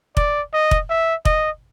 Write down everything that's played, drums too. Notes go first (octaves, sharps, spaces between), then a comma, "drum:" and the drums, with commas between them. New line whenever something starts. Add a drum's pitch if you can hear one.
D5, drum: kick F1
D#5
drum: kick F1
E5
D#5, drum: kick F1